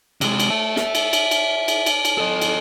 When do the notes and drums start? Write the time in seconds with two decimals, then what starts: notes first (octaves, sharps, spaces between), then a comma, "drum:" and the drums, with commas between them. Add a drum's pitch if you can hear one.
0.21 C3 G#3, drum: cymbal
0.40 drum: cymbal
0.50 E5 A5
0.76 drum: snare
0.95 drum: cymbal
1.13 drum: cymbal
1.31 drum: cymbal
1.68 drum: cymbal
1.86 drum: cymbal
2.05 drum: cymbal
2.18 A4 D#5
2.42 drum: cymbal